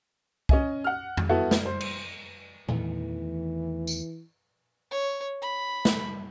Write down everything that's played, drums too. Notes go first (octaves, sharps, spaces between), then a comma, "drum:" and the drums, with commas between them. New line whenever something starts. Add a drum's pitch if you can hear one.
C#4 D#5 G#5, drum: kick C2
F#5 F6
drum: tom F2
B3 E4 F#4 A4
drum: snare
C5
drum: cymbal
E2 D#3 E3 A3, drum: tom A#2
drum: tambourine
C#5
B5
drum: snare